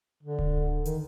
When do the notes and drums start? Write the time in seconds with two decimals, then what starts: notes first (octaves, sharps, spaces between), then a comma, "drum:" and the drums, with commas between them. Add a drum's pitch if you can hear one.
0.23 D3
0.39 drum: kick D1
0.85 D#3, drum: hi-hat